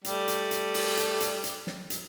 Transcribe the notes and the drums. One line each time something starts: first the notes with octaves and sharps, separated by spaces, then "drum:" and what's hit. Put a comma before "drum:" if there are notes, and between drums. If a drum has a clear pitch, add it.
G3 A3, drum: hi-hat
drum: hi-hat
drum: hi-hat
drum: open hi-hat
drum: hi-hat
drum: hi-hat
drum: hi-hat
drum: snare
drum: hi-hat